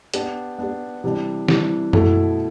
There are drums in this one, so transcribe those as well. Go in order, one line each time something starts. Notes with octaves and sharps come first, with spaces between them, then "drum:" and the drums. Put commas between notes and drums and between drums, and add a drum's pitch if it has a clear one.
B3 D4 G4, drum: hi-hat
B3 D4 G4
C3 E3 G3 D4
C3 E3 G3 D4, drum: snare
B2 A3 E4 A4, drum: tom F#2